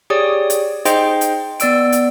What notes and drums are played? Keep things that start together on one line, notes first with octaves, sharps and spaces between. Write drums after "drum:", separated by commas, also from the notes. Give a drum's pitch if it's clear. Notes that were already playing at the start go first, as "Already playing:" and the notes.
G4 G#4 C#5 D5 D#6
drum: hi-hat
D#4 G#4 C5 D#5 G5 C6, drum: hi-hat
drum: hi-hat
B3 D5 E6 D7, drum: hi-hat
drum: hi-hat